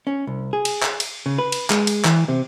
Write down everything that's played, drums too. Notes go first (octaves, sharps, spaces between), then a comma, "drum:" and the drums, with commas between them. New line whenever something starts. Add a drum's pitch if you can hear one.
C#4
C2
G#4
drum: cymbal
drum: clap
drum: cymbal
C#3
B4
drum: cymbal
G#3, drum: clap
drum: cymbal
E3, drum: clap
C3